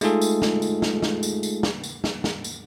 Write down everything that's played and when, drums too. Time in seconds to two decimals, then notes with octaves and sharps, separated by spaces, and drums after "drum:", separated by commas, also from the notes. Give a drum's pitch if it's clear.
0.01 G#3 A3 D#4 F4 G#4 A4, drum: tambourine
0.21 drum: tambourine
0.42 drum: snare
0.62 drum: tambourine
0.82 drum: snare
1.03 drum: snare
1.23 drum: tambourine
1.43 drum: tambourine
1.63 drum: snare
1.84 drum: tambourine
2.04 drum: snare
2.24 drum: snare
2.44 drum: tambourine